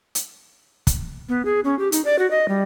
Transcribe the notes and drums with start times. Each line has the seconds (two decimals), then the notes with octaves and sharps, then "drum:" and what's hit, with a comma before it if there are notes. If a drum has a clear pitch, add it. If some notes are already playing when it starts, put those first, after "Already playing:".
0.15 drum: hi-hat
0.87 drum: kick, hi-hat
1.29 B3
1.45 G#4
1.64 C#4
1.79 G4
1.92 D#4, drum: hi-hat
2.05 D5
2.19 F#4
2.31 D#5
2.48 G3